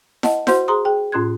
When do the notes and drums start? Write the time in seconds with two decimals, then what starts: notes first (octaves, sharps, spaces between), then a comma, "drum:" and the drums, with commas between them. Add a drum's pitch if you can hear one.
0.23 D#5 F#5 A5, drum: snare E4
0.47 F#4 C5 F#5 C6 G6, drum: snare E4
0.68 G#4 C5 A#5 C6 D#6
0.85 G#4 G5
1.12 A2 C#4 F4 C6 F#6 G#6